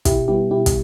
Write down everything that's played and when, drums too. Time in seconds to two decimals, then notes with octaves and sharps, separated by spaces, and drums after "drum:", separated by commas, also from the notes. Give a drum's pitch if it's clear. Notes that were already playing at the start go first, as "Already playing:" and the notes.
0.05 B2 E4 G4, drum: kick, hi-hat
0.28 G3 B3 E4 G4
0.51 B2 E4 G4
0.66 drum: kick, hi-hat